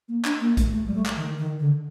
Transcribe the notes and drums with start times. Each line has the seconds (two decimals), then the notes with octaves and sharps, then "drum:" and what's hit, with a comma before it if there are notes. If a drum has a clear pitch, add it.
0.09 A#3
0.25 D4, drum: clap
0.41 A#3
0.57 A3, drum: kick A#1, hi-hat
0.73 A3
0.87 G3
0.95 A3
1.06 drum: clap
1.17 D#3
1.38 D#3
1.59 D3